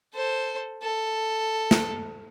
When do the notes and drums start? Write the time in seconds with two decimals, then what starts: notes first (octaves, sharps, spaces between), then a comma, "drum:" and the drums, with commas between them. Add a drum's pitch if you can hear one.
0.14 A4 C5
0.82 A4
1.71 drum: snare